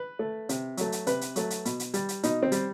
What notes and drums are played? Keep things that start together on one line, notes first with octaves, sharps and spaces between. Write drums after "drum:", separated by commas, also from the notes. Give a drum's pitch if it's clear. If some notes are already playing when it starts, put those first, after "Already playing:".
Already playing: B4
A3
C3, drum: hi-hat
F#3 A3, drum: hi-hat
drum: hi-hat
C3 B4, drum: hi-hat
drum: hi-hat
F#3 A3, drum: hi-hat
drum: hi-hat
B2, drum: hi-hat
drum: hi-hat
G3, drum: hi-hat
drum: hi-hat
B2 D#4, drum: hi-hat
C4
G3, drum: hi-hat